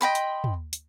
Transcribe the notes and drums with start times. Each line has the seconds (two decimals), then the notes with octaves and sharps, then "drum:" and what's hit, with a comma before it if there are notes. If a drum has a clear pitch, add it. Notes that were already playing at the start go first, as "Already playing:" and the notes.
0.01 D#5 G5 B5 C6
0.15 drum: hi-hat
0.44 drum: tom
0.73 drum: hi-hat